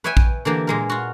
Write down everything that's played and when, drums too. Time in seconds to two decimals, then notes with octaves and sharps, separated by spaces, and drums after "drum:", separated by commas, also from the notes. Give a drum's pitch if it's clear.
0.04 B4 C#5 E5 G5 G#5
0.17 drum: kick
0.45 D3 E3 A#3 G4
0.67 A#2 G#3 A#4
0.90 F4 F#4